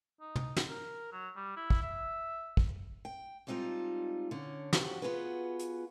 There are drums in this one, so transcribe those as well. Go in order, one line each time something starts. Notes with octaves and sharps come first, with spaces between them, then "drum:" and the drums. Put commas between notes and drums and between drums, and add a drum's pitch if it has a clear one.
D#4
drum: tom
drum: snare
A#4
F#3
G3
E4
drum: kick
E5
drum: kick
G5
G3 G#3 C4 D#4 F4 A4
D3 C#4
F2 F#4 G4, drum: snare
B3 F4 F#4 G#4 B4
drum: hi-hat